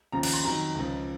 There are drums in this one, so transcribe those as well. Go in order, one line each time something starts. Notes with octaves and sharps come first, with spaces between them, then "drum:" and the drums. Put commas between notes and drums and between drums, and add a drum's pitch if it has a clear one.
D#2 C#3 F3 A#5
A#5, drum: cymbal
C6
F2 D#3 F#3 A#5
C#2 C#3 F3 A#5